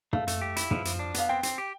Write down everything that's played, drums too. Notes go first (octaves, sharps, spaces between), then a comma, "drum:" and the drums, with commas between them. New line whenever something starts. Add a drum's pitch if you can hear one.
A3 F5, drum: tom
A3, drum: hi-hat
G4
E4, drum: hi-hat
F3, drum: tom
F3, drum: hi-hat
D4
B3 F5, drum: hi-hat
C4 G5
C4, drum: hi-hat
G4